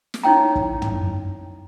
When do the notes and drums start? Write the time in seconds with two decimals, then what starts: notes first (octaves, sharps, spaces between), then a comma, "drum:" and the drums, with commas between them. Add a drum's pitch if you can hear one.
0.14 drum: snare
0.23 D#4 E4 C#5 G5 A#5
0.55 drum: kick
0.82 drum: tom